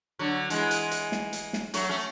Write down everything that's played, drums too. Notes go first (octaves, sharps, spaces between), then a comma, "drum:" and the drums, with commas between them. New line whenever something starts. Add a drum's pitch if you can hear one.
D3 F#3
E3 G#3, drum: hi-hat
drum: hi-hat
drum: hi-hat
drum: snare
drum: hi-hat
drum: snare
F#3 A3, drum: hi-hat
A3 C#4